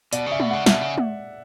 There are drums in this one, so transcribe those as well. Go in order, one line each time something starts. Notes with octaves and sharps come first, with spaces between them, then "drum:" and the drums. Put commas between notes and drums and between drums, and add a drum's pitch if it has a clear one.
B2 D5, drum: hi-hat
C#3
E5
B2, drum: tom
C#3 F#5
B2 E5, drum: snare
C#3
drum: tom